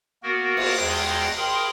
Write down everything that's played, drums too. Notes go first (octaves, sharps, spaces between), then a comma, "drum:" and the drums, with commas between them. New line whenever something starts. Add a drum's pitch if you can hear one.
A#3 B3 F#4 A#4
drum: cymbal
E2 G#3 G#4 D#5 G5
G#4 A#4 G5 B5 C6 D#6